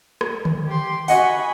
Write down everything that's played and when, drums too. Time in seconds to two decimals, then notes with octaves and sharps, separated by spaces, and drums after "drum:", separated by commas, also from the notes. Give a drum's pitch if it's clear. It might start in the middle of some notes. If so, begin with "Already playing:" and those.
0.21 drum: rim click
0.45 drum: tom D3
0.68 G4 C6
1.08 F#4 D#5 F#5 G#5 B5, drum: open hi-hat